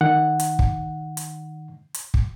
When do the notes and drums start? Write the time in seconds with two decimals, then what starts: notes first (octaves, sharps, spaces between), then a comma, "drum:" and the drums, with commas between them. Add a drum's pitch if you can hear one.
0.01 D#3 F#5
0.40 drum: hi-hat
0.59 drum: kick
1.17 drum: hi-hat
1.94 drum: hi-hat
2.14 drum: kick